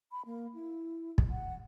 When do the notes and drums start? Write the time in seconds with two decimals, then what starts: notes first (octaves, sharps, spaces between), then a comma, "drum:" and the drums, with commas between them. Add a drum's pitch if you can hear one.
0.12 B5
0.26 A#3
0.54 E4
1.18 drum: kick
1.30 F#5